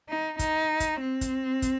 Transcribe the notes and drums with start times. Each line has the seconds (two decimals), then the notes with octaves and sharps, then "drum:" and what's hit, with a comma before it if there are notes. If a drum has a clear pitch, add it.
0.09 D#4
0.39 D#4, drum: kick, hi-hat
0.80 drum: kick, hi-hat
1.01 C4
1.21 drum: kick, hi-hat
1.62 drum: kick, hi-hat